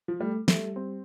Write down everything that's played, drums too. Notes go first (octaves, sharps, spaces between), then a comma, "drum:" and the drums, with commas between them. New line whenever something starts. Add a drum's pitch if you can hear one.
F3
G3 A3
G3 A3, drum: snare
C4